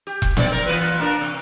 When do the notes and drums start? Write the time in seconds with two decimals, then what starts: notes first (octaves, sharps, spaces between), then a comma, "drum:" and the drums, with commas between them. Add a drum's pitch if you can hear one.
0.07 G4
0.22 drum: kick E1
0.37 F#2 C4 D5, drum: snare
0.52 A#4
0.66 E3 F4 B4
0.99 A#3 D4 A#4
1.21 C3